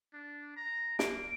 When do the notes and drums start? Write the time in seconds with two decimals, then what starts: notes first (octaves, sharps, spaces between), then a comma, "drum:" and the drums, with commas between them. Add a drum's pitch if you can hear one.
0.14 D4
0.56 A#5
0.99 A#3 D7, drum: snare